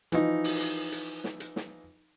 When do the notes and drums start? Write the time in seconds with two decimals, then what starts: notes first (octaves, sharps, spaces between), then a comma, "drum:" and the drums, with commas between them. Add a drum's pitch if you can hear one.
0.12 E3 F3 D#4, drum: hi-hat
0.44 drum: open hi-hat
0.60 drum: hi-hat
0.92 drum: hi-hat
1.24 drum: snare
1.40 drum: hi-hat
1.56 drum: snare